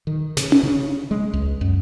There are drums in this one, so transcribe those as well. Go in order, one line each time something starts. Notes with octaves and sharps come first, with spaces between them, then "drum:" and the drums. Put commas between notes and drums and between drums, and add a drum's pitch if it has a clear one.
D#3
C#3, drum: snare
drum: tom C#4
C#3
G#3
C#2
F#2